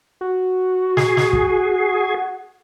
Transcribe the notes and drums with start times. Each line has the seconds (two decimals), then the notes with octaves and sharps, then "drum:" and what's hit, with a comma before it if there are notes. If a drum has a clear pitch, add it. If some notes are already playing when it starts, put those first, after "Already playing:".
0.21 F#4
0.97 G#4, drum: snare
1.17 drum: snare
1.33 drum: kick